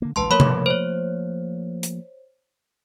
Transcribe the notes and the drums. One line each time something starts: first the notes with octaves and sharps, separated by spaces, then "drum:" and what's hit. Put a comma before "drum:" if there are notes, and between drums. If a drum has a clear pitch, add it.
D3 A#3
A1 D2 G#3 B4 A5 C6
F3 A3 A#3 A#4 C#5 B5
drum: tom C3
C5 C#5
drum: hi-hat